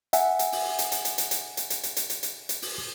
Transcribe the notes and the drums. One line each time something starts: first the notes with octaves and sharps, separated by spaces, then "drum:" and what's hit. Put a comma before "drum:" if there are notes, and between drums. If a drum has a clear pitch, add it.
E5 F#5 G#5, drum: hi-hat
drum: hi-hat
drum: open hi-hat
drum: hi-hat
drum: hi-hat
drum: hi-hat
drum: hi-hat
drum: hi-hat
drum: hi-hat
drum: hi-hat
drum: hi-hat
drum: hi-hat
drum: hi-hat
drum: hi-hat
drum: hi-hat
drum: open hi-hat